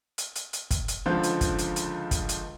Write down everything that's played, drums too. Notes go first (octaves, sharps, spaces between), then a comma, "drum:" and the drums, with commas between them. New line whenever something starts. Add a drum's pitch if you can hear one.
drum: hi-hat
drum: hi-hat
drum: hi-hat
drum: kick, hi-hat
drum: hi-hat
C#2 D3 F3 C6 G6
drum: hi-hat
drum: kick, hi-hat
drum: hi-hat
drum: hi-hat
drum: kick, hi-hat
drum: hi-hat